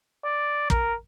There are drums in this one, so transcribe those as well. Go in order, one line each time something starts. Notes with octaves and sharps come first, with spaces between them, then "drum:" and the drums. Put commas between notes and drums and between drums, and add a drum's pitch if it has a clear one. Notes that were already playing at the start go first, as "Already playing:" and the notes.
D5
A#4, drum: kick